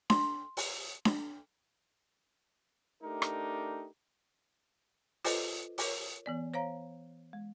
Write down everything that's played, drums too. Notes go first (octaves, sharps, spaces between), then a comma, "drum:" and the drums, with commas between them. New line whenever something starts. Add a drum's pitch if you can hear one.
C6, drum: snare D4
drum: open hi-hat
drum: snare D4
A3 D4 D#4 G4 A#4
drum: rim click
F4 A4 B4 C5 D#5, drum: open hi-hat
A#4 C#5 C#6 D6, drum: open hi-hat
E3 B3 D5
C5 C#5 F5 A#5
G#3